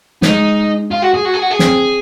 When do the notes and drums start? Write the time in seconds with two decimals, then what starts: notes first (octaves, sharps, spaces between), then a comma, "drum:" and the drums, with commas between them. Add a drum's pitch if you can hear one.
0.22 G#3 D#4, drum: snare
0.91 F4
1.02 F#4
1.14 G#4
1.25 F#4
1.34 G#4
1.42 F#4
1.51 G#4
1.59 C4, drum: snare